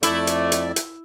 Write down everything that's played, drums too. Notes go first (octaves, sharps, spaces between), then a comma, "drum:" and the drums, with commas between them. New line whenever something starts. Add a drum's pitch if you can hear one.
F2 A3 E4 D5, drum: hi-hat
drum: hi-hat
drum: hi-hat
drum: hi-hat